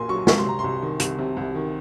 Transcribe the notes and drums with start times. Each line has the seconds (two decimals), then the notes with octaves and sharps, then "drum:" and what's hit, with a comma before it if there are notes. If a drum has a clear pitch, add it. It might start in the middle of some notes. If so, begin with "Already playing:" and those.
Already playing: A#1 A#2 A#3 G#5 C6
0.09 F#3 C#6
0.27 C2 C#6, drum: snare
0.38 C6
0.46 C3 A#5
0.59 C2 C6
0.82 D#3
1.00 C2, drum: hi-hat
1.18 C3
1.37 C2
1.55 D#3